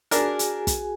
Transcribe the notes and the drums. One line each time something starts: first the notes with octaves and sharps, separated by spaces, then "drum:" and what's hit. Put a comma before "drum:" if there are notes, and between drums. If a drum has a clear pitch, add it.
D4 F#4 G#4 A#4 G#5, drum: hi-hat
drum: hi-hat
drum: kick, hi-hat